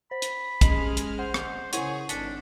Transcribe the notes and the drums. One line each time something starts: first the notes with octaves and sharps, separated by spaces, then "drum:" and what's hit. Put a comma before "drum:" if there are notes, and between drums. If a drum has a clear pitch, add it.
C5 B5
drum: hi-hat
G#3 C#4 D#5 F6 F#7, drum: kick, hi-hat
drum: hi-hat
C5 F#5
drum: rim click
C#3 E4 G#4 C#5 F#5 D#7, drum: hi-hat
G#1 D4 A4 A5 B6 C#7, drum: hi-hat